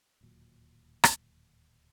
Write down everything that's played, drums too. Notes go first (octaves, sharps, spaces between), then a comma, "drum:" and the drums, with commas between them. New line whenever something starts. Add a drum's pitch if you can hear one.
D1 D#2 A#2 F#3
drum: rim click